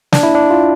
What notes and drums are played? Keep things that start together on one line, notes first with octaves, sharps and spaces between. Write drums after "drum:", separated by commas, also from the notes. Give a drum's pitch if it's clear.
D4, drum: snare
E4
D4
F4